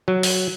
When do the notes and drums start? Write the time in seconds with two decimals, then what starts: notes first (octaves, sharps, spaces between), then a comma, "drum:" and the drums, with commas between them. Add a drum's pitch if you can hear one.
0.08 F#3
0.23 drum: open hi-hat